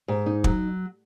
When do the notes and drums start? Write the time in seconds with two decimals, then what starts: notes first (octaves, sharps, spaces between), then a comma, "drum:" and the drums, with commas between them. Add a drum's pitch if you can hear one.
0.08 G#2
0.26 D#4
0.44 F#3, drum: kick